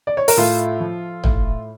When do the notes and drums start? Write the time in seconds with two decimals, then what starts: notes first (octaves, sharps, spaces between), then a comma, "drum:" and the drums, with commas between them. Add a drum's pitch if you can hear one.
0.07 D5
0.17 C#5
0.28 A#4, drum: open hi-hat
0.37 A2 F4 A4
0.80 F3
1.24 A2, drum: tom